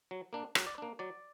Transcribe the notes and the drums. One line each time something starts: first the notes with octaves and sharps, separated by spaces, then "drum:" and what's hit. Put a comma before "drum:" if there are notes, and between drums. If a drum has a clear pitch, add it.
F#3
A#3 D4
F#3, drum: rim click
D5
A#3 D4
F#3 D5